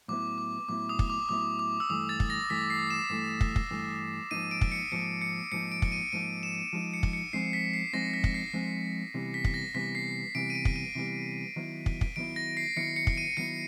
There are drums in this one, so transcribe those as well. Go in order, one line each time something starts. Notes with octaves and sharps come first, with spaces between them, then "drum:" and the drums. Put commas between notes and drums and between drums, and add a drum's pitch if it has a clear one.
A2 F#3 B3 E4 D6
D6
A2 F#3 B3 E4 D6
D#6
drum: kick
D6
A2 F#3 B3 E4 D6
D6
E6
G2 E3 A3 D#6
A6
drum: kick
A#6
G2 E3 A3 B6
C7
E7
G2 E3 A3
drum: kick
drum: kick
G2 E3 A3
G#2 F3 A#3 D#4 D#7
D7
drum: kick
C#7
G#2 F3 A#3 D#4 C#7
C#7
G#2 F3 A#3 D#4 C#7
D7
drum: kick
D#7
G#2 F3 A#3 D#4 D#7
E7
F3 G#3 C4 D#4
C#7
drum: kick
C#7
F3 G#3 C4 D#4 C7
B6
C7
F3 G#3 C4 D#4 A#6
B6
drum: kick
C7
F3 G#3 C4 D#4
C3 E3 G3 B3
B6
drum: kick
A#6
C3 E3 G3 B3 B6
C7
C3 E3 G3 B3 D7
D#7
D7
drum: kick
D#7
C3 E3 G3 B3
D#3 F#3 B3 E4
drum: kick
drum: kick
D#3 F#3 B3 E4 D7
A#6
C7
D#3 F#3 B3 E4 C#7
C#7
drum: kick
D#7
D#3 F#3 B3 E4 C#7